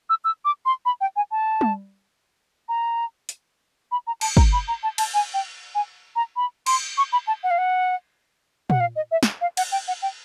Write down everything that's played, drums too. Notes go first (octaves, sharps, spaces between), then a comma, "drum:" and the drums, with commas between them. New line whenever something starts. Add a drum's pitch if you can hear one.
E6
E6
D6
C6
B5
G5
G#5
A5
drum: tom G3
A#5
drum: hi-hat
B5
A#5
A5, drum: cymbal
A#5, drum: kick
B5
A#5
A5
A5, drum: cymbal
G#5
G5
G#5
A#5
B5
C6, drum: cymbal
C#6
B5
A5
F#5
F5
F#5
F#5, drum: tom A#2
F5
D#5
E5
drum: snare
F5
F#5, drum: cymbal
G5
F#5
G5